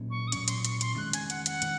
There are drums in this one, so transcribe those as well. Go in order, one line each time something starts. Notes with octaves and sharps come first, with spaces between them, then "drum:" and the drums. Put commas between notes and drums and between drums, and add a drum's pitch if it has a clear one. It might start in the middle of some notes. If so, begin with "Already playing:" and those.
Already playing: A#2 F#3 C#4
C#6
D#6
A#2 F#3 C#4 C#6, drum: hi-hat
C6, drum: hi-hat
C#6, drum: hi-hat
C6, drum: hi-hat
D#3 G#3 C#4 F#6
G#5, drum: hi-hat
F#5, drum: hi-hat
F#5, drum: hi-hat
D#3 G#3 C#4, drum: hi-hat